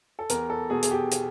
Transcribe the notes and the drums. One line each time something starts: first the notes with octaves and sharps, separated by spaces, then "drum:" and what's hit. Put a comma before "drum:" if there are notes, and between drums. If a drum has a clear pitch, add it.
A4
E2 A#4, drum: hi-hat
A4
B2 G#4
G#4, drum: hi-hat
G4
drum: hi-hat